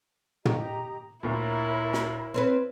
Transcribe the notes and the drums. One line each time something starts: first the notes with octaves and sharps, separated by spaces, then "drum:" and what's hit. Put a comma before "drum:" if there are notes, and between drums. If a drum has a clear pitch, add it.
G4 D#5 A#5, drum: tom
D2 A#2 E4 A#4 C#5 B5
drum: snare
C4 C#4 B4